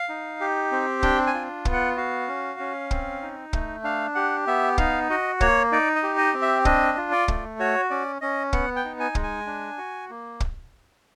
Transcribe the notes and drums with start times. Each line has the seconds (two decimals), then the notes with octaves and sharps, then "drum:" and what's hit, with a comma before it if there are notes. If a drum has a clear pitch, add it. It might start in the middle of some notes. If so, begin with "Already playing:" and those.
Already playing: F5
0.09 D#4
0.40 G4
0.71 C4
1.03 D4 G5, drum: kick
1.27 G#5
1.34 F4
1.65 B3, drum: kick
1.73 F#5
1.96 F#4 F5
2.28 C#4
2.59 C#4
2.91 C4, drum: kick
3.22 D#4
3.53 A3, drum: kick
3.84 D4 F5
4.15 G4 F#5
4.47 B3 E5
4.78 D#4 F5, drum: kick
5.10 F#4 D#5
5.41 A#3 C#5, drum: kick
5.72 D#4 D5
5.96 D#5
6.03 G4
6.18 D#5
6.34 C4
6.42 E5
6.65 D4 D#5, drum: kick
6.97 F4
7.12 D5
7.28 A3, drum: kick
7.59 F#4 C#5
7.90 C#4 D5
8.21 C#4 D#5
8.53 B3 F#5, drum: kick
8.76 G5
8.85 D#4
9.00 G#5
9.15 G#3, drum: kick
9.23 G#5
9.47 D4
9.78 F#4
10.10 A#3
10.40 drum: kick